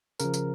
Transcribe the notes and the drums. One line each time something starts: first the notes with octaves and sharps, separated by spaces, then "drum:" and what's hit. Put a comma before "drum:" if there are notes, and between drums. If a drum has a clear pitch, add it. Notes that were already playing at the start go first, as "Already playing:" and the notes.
C#3 F3 A#4, drum: tambourine
drum: tambourine